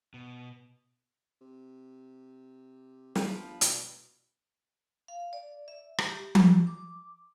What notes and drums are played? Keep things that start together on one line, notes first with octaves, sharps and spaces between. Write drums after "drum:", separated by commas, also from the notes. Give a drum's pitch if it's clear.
B2
C3
G1 F3 B4, drum: snare
B2, drum: hi-hat
F5
D5
E5
drum: rim click
G4
drum: tom F3
D6